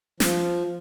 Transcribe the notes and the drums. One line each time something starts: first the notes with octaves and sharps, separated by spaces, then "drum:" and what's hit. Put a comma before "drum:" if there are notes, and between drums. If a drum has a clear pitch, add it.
F3, drum: snare